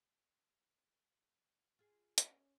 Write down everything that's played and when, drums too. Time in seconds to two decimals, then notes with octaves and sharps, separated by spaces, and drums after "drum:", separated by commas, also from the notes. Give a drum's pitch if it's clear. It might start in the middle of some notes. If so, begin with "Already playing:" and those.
1.79 F4 G#4
2.18 C#4, drum: hi-hat